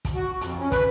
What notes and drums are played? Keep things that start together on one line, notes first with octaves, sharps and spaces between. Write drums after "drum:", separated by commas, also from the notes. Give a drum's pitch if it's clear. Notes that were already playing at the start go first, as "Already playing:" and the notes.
drum: kick, hi-hat
F#4
F2, drum: hi-hat
C#4
B4, drum: kick, hi-hat